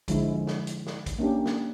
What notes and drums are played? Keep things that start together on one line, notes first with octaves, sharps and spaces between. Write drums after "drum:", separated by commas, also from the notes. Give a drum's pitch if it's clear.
D3 F3 G#3 E4, drum: kick, hi-hat
F3
drum: snare
drum: hi-hat
drum: snare
drum: kick, hi-hat
A#3 C#4 D4 G4
drum: snare